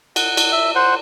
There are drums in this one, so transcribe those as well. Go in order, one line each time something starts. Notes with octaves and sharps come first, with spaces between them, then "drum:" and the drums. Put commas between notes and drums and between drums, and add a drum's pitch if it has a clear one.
F#5, drum: cymbal
drum: cymbal
E5
C5 F#5